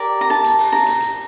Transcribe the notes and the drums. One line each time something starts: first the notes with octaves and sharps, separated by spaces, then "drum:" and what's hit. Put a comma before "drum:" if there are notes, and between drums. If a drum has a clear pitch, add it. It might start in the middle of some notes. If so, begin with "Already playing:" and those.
Already playing: G4 A#4 D5
A#5
A5, drum: snare
drum: hi-hat
drum: open hi-hat
A#5, drum: snare
drum: hi-hat
drum: hi-hat